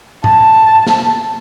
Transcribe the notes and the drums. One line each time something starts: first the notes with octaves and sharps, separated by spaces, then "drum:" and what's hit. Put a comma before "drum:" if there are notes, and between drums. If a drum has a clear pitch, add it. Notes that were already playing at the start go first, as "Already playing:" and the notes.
A5, drum: tom G#2
drum: snare